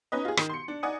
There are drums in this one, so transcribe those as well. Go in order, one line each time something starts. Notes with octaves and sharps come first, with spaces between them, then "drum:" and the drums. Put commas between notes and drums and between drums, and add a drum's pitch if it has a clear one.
C#4 D#4 B4 D#5
F4 G#4
D#3, drum: rim click
C6 C#7
D4
D#4 D5 F#5 G#5 D#6